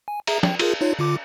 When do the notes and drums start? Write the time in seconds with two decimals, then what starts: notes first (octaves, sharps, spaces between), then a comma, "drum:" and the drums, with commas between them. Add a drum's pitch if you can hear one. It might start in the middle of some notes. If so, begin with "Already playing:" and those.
0.08 G#5
0.27 G#4 E5 A#5, drum: cymbal
0.43 G5, drum: snare
0.59 F4 G#4 A#4, drum: cymbal
0.81 D#4 F4 C#5
0.99 D3 F4 D6